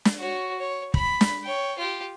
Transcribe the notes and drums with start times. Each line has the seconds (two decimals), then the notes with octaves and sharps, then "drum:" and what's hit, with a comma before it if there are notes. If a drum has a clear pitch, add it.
0.05 drum: snare
0.19 F#4 C#5
0.59 C#5
0.94 B5, drum: kick
1.21 drum: snare
1.44 C#5 G5
1.78 F4 G4